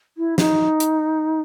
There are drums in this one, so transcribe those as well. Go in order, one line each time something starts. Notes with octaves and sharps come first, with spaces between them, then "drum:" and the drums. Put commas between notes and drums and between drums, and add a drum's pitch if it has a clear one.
E4
D#4, drum: snare
drum: hi-hat